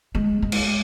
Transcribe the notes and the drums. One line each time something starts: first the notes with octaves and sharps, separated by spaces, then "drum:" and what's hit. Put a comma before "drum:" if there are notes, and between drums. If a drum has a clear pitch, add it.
G#3
G#3
drum: cymbal